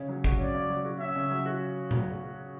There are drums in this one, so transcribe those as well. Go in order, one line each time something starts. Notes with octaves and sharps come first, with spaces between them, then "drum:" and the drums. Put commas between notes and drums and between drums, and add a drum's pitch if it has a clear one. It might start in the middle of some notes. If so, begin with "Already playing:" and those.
Already playing: C#3 C#4
F#3
F#4, drum: kick G#1
C#4 D5
C#3
F#3
F#4
C#4 E5
C#3
F#3
F#4
drum: tom A#2